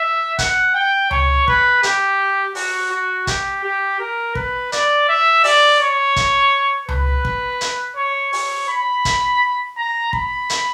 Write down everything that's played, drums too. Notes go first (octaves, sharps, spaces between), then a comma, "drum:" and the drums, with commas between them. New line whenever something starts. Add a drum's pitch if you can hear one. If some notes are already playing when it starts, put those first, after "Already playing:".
Already playing: E5
F#5, drum: kick, hi-hat
G5
C#5, drum: tom C#2
B4, drum: kick
G4, drum: hi-hat
F#4, drum: open hi-hat
F#4
G4, drum: kick, hi-hat
G4
A#4
B4, drum: kick
D5, drum: hi-hat
E5
D5, drum: open hi-hat
C#5
drum: kick, hi-hat
B4, drum: tom C#2
drum: kick
drum: hi-hat
C#5
C#5, drum: open hi-hat
B5
drum: kick, hi-hat
A#5
B5, drum: kick
drum: hi-hat